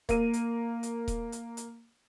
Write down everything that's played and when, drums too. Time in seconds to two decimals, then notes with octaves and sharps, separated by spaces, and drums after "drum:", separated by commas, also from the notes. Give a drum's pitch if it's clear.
0.09 A#3 D#7, drum: kick D#1, hi-hat
0.33 drum: hi-hat
0.83 drum: hi-hat
1.08 drum: kick D#1, hi-hat
1.32 drum: hi-hat
1.57 drum: hi-hat